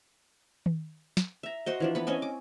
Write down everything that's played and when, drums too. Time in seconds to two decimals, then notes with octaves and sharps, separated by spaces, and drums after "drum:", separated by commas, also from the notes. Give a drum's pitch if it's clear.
0.66 drum: tom D#3
1.17 drum: snare
1.43 E5 A#5
1.66 F#4 C5 D#5
1.80 E3 F3 D4
1.95 B3 B5
2.07 C4 C#4 D#5 G#5
2.22 D6